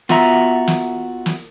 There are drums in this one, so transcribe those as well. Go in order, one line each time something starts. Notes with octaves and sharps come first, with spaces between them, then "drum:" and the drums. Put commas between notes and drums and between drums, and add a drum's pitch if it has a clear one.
B3 F4 F#4 E5 A#5, drum: snare
drum: snare
drum: snare